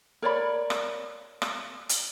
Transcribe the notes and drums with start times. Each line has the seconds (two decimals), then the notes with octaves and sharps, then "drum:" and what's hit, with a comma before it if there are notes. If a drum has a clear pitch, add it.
0.22 A#4 C#5 D5 B5
0.70 drum: rim click
1.42 drum: rim click
1.89 drum: hi-hat